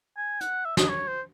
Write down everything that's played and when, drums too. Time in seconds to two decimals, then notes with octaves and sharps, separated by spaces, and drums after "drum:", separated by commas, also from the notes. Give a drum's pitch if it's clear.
0.17 G#5
0.41 F#5, drum: hi-hat
0.65 E5
0.77 D#5, drum: snare
0.89 C#5
1.07 C5